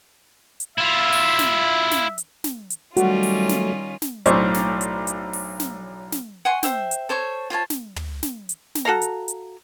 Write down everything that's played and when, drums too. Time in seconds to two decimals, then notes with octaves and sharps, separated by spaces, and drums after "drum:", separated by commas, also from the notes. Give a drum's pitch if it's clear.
0.60 drum: hi-hat
0.78 E4 F4 E5
1.13 drum: open hi-hat
1.39 drum: snare
1.91 drum: snare
2.18 drum: hi-hat
2.44 drum: snare
2.70 drum: hi-hat
2.97 D#3 F#3 G3 A3 C#4 F4 F#4, drum: hi-hat
3.23 drum: open hi-hat
3.49 drum: snare
4.02 drum: snare
4.26 B1 A2 D4 C5 C#6, drum: hi-hat
4.54 drum: snare
4.81 drum: hi-hat
5.07 drum: hi-hat
5.33 drum: open hi-hat
5.60 drum: snare
6.12 drum: snare
6.45 F#5 G#5 C6 C#6
6.63 C5 E5 G5, drum: snare
6.91 drum: hi-hat
7.09 A4 C5 C#5 C#6
7.50 F4 C5 C#5 A5
7.70 drum: snare
7.96 drum: tom
8.23 drum: snare
8.49 drum: hi-hat
8.75 drum: snare
8.85 F#4 A4 F5 A#5
9.02 drum: hi-hat
9.28 drum: hi-hat